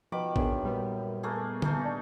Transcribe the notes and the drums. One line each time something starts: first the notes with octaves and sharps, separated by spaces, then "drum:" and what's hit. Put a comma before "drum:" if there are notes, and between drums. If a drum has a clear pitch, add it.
B2 D#3 F3 B5 D6
F#2 B3 D4 G#4, drum: kick A1
A#2 G3 B3
A3 A#3 G#4
A3 D#4 G#4, drum: tom D3
D4